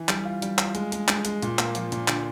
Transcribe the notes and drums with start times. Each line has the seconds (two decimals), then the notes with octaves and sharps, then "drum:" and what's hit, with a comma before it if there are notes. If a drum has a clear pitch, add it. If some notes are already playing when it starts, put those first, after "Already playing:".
Already playing: E3
0.09 G3, drum: clap
0.25 F4
0.42 G3, drum: hi-hat
0.58 F4, drum: clap
0.75 G#3, drum: hi-hat
0.92 G#3, drum: hi-hat
1.08 G#3, drum: clap
1.25 G#3, drum: hi-hat
1.43 A#2, drum: hi-hat
1.59 A#3, drum: clap
1.75 F3, drum: hi-hat
1.92 A#2, drum: hi-hat
2.08 D3, drum: clap